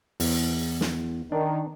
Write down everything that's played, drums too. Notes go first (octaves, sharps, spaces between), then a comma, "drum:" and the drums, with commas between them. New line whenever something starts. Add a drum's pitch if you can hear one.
E2, drum: open hi-hat
drum: snare
D#3 D4